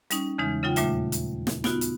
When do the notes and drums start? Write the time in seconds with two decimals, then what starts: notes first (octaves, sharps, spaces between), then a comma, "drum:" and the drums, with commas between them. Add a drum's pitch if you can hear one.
0.11 G3 C#4 D#4, drum: hi-hat
0.38 E2 C#3 E3 G#3 D#4
0.63 C#3 F#3 D#4 F4 G5
0.76 D#2 A#2 G3 A3 F4 E5, drum: hi-hat
1.12 drum: hi-hat
1.47 drum: snare
1.64 B3 D#4 F4 F#4, drum: snare
1.81 drum: hi-hat